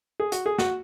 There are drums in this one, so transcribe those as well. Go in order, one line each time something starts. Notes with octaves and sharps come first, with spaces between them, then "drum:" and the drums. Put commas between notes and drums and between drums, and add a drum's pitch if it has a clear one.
G#4
F#4, drum: hi-hat
G#4
F#4, drum: snare